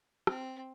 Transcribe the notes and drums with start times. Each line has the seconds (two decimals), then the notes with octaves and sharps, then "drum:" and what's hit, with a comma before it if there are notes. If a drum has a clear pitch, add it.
0.27 C4, drum: rim click